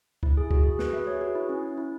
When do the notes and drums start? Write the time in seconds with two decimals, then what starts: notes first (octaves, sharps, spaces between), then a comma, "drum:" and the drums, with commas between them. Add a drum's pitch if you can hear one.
0.23 E4, drum: kick C#2
0.37 G#4
0.51 F#4, drum: kick C#2
0.63 G#4
0.79 F#4 B4, drum: snare
0.93 B4 E5
1.07 G#4 C#5
1.21 F#4 B4
1.35 E4
1.49 C#4
1.78 E4